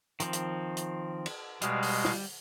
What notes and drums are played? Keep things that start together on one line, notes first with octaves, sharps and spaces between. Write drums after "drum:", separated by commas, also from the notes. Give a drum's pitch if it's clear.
D#3 F3 C4, drum: hi-hat
drum: hi-hat
drum: hi-hat
drum: cymbal
B2 G3 G#3 F5, drum: hi-hat
drum: open hi-hat
drum: snare